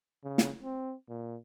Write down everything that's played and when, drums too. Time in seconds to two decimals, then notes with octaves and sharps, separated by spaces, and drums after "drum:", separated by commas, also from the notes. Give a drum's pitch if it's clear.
0.24 C#3
0.38 drum: snare
0.63 C4
1.09 A#2